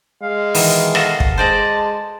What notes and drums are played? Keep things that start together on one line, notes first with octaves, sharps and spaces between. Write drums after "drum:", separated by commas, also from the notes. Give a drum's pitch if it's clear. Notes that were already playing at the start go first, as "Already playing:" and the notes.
G#3 F5
B2 D#3 E3, drum: open hi-hat
F#4 A4 D#5, drum: rim click
drum: kick
G#3 C5 D5 D#5 A5